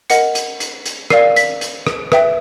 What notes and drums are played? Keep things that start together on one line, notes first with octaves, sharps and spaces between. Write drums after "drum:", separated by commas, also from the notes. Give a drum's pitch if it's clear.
A#4 D#5 F#5 C#7, drum: hi-hat
drum: hi-hat
drum: hi-hat
drum: hi-hat
A#4 D5 F5 C7, drum: rim click
B6, drum: hi-hat
drum: hi-hat
drum: rim click
B4 E5 G5, drum: rim click